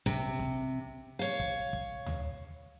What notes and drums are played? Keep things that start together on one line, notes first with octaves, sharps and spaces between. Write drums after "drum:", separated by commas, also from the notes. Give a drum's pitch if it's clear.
C3, drum: kick
drum: kick
C#5 F5
drum: kick
drum: kick
drum: tom D2